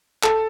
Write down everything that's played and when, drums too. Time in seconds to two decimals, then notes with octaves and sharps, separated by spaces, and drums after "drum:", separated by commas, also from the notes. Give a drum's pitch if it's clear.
0.23 A4, drum: clap